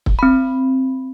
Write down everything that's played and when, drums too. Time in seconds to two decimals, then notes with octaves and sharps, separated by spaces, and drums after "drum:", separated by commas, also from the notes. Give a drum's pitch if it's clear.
0.06 drum: kick
0.19 C4 B5